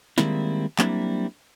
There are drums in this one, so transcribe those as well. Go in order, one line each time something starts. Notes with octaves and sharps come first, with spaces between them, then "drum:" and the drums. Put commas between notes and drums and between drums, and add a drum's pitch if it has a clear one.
D#3 G3 G#3 A#3 C4 E4, drum: snare
F#3 G3 A#3 C4 D4 E4, drum: clap